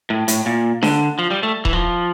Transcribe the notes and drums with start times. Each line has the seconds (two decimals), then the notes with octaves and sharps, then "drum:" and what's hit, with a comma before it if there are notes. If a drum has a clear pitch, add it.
0.10 A2
0.28 A2, drum: hi-hat
0.46 A#2
0.83 D3, drum: snare D4
1.19 F3
1.31 G3
1.43 A3
1.65 E3, drum: kick D#1
1.73 F3